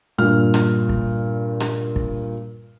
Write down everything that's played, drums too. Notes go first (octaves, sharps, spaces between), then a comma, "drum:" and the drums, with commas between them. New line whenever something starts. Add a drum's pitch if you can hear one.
G2 A#2 F6
drum: rim click
drum: kick
drum: rim click
drum: kick